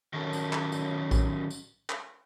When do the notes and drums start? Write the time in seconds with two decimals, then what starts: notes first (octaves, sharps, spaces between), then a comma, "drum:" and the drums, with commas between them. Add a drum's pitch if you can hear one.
0.13 D#3 F#3 C#4 A4 A#4
0.33 drum: tambourine
0.53 drum: clap
0.72 drum: tambourine
1.11 drum: kick, tambourine
1.50 drum: tambourine
1.90 drum: clap